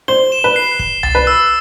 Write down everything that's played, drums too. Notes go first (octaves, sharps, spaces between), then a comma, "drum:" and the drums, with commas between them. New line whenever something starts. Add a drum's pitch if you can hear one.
C5 G7
E7
B4
C7
E7, drum: kick
A6, drum: tom C2
B4
E6